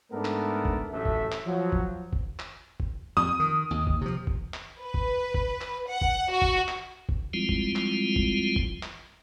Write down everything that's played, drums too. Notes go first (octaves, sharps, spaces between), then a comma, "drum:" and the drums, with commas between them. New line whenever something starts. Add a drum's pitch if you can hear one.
G#2 A3 B3 D4 A#4 A5
drum: clap
drum: kick F#1
A1 F#2 A3 A4 E5
drum: kick F#1
drum: clap
F3 F#3
drum: kick F#1
drum: kick F#1
drum: clap
drum: kick F#1
F2 D#6
D#3
D#2
drum: kick F#1
C3 F3
drum: kick F#1
drum: clap
B4
drum: kick F#1
drum: kick F#1
drum: clap
F#5
drum: kick F#1
F#4
drum: kick F#1
drum: clap
drum: kick F#1
F3 G3 G#3 C4 E4 F4
drum: kick F#1
drum: clap
drum: kick F#1
drum: kick F#1
drum: clap